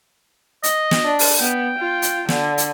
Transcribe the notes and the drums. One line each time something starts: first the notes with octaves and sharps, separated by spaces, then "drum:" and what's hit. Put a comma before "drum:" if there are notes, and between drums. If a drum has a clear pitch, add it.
D#5, drum: hi-hat
drum: snare
D4
drum: open hi-hat
B3 G5
F4
drum: hi-hat
D3, drum: snare
drum: hi-hat